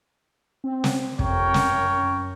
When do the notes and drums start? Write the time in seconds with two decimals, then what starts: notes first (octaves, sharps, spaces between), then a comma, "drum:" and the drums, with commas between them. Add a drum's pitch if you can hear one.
0.64 C4
0.84 drum: snare
1.19 F2 C3 A#4 C#5 G5, drum: kick
1.54 drum: snare
1.68 F#2